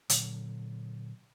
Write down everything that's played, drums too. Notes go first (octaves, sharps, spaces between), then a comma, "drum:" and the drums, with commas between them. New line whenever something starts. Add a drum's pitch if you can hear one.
A#2 D3 F#3, drum: hi-hat